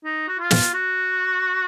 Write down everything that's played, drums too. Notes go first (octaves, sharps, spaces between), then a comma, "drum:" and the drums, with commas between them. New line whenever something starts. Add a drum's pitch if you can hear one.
D#4
F#4
F4
drum: snare
F#4